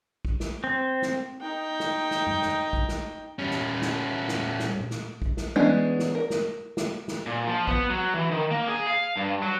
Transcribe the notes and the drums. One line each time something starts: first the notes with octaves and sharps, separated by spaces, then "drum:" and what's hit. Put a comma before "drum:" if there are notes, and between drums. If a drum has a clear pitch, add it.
drum: kick
drum: snare
C4
drum: snare
D#4 G5
drum: snare
drum: snare
drum: tom F#2
drum: snare
drum: kick
drum: snare
G3 C#4
drum: snare
drum: snare
drum: snare
drum: snare
drum: tom A#2
drum: snare
drum: kick
drum: snare
E3 G#3 B3 C#4 D4
drum: snare
A#4
drum: snare
drum: snare
drum: snare
A#2
F3
B3, drum: kick
F#3
E3
D#3
A#3
G#4
F5
G2
F#3